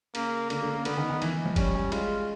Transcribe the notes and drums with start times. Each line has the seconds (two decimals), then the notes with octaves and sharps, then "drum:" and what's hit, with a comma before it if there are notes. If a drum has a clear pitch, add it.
0.15 C#3 A#3, drum: cymbal
0.50 D3 A#3, drum: cymbal
0.62 D3
0.73 C#3
0.85 D3 B3, drum: cymbal
0.97 D#3
1.10 D#3
1.22 E3, drum: cymbal
1.33 E3
1.45 F3
1.56 G3 C#4, drum: kick G1, cymbal
1.75 G3
1.92 G#3 F4, drum: cymbal